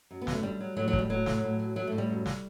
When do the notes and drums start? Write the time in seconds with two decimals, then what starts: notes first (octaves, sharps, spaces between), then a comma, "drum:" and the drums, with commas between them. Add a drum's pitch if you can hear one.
0.11 F#2
0.21 B3
0.27 F#2, drum: snare
0.33 A3
0.43 D3 G3
0.60 F#3
0.77 A2 F#3
0.88 F#3
0.93 A2, drum: kick
0.99 G3
1.10 A2 F#3
1.26 A2, drum: snare
1.43 A2
1.59 F#3
1.76 A2 F#3
1.87 A2 A3
1.98 G3
2.10 F#2
2.26 drum: snare